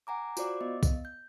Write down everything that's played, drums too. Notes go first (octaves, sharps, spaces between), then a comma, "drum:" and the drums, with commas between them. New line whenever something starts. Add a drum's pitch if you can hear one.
F#5 G#5 A#5 D6
F4 F#4 C5 D5 D6, drum: tambourine
B3 D#5
drum: kick, tambourine
G6